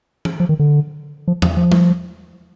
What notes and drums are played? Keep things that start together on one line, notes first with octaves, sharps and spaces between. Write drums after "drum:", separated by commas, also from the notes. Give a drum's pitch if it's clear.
drum: tom
F3
D#3
D3
F3
F3, drum: tom E2
F3
drum: tom